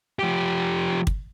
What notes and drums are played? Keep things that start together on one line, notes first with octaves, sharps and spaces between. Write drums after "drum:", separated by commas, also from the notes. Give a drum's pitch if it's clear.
F3 G4
drum: kick